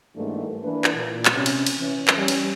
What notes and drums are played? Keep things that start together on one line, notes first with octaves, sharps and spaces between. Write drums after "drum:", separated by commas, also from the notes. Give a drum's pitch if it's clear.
G#2 E3 G3 A3 A#3 D4
E3 A#3 D4 B4
drum: clap
A#2
drum: clap
C3 C#4
drum: cymbal
drum: cymbal
E3 C#4
drum: clap
G3 C#4
drum: cymbal